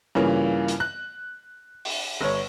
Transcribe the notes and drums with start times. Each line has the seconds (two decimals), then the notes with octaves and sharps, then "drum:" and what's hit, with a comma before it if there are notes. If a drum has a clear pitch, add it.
0.15 G2 C#3 E3 A#3 F4
0.68 drum: hi-hat
0.80 F#6
1.85 drum: open hi-hat
2.21 G1 C#5